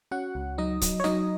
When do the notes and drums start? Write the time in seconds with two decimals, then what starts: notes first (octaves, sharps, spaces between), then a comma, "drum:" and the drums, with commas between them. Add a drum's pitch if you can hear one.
0.11 C#4 F#4 F#5
0.35 C#2
0.58 F#3 D#4 D#5
0.81 F#3, drum: kick C#1, hi-hat
1.00 C#5
1.04 F#3 D#4 D#5, drum: snare